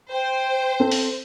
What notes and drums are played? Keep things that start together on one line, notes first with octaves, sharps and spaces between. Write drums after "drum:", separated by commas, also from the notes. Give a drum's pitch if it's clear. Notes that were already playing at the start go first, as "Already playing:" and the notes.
C5 G5
C4 A4
drum: open hi-hat